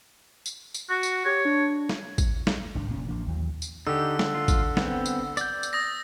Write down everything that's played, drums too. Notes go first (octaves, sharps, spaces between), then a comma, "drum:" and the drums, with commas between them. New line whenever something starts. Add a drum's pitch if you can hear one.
drum: tambourine
drum: tambourine
F#4
drum: tambourine
G4 C#5
D4
drum: snare
drum: kick, tambourine
drum: snare
G#1 C#2 A2 D4
F1 A#2 C#4
A1 F3 A#3 D4
D#2 E3 F#3
drum: tambourine
D3 D#4 G4 E6
drum: snare
F4
drum: kick, tambourine
B3 C4, drum: snare
drum: tambourine
D5 G6, drum: tambourine
drum: tambourine
D#6 A6 A#6